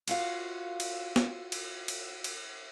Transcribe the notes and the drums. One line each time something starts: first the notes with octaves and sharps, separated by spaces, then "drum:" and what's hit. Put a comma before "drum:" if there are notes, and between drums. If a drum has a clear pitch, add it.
F4 F#4 F5, drum: cymbal
drum: cymbal
drum: snare
drum: cymbal
drum: cymbal
drum: cymbal